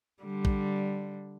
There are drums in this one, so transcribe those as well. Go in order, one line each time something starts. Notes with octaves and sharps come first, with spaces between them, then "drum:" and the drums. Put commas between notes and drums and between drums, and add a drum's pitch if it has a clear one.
D3 G3
drum: kick